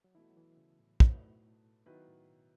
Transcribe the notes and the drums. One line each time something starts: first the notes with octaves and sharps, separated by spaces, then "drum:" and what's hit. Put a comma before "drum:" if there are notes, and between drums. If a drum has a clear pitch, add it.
F#3
B2 E3 A3 E4
F#3
E3
C#3
A2
A2 F#3 A3 D#4 F#4 B4, drum: kick
A2
B2
D#3 F#3 B3 E4 B4
A2
B2